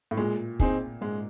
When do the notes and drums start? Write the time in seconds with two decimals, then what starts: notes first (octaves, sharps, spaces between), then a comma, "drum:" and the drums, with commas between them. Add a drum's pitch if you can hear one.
0.11 A2
0.17 A#2 G#3
0.60 C4 D#4 G#4, drum: kick
1.01 G#2 G#3